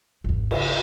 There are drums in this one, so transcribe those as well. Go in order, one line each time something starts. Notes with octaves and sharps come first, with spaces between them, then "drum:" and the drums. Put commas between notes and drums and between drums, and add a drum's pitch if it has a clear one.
G#1 E2
C#3, drum: cymbal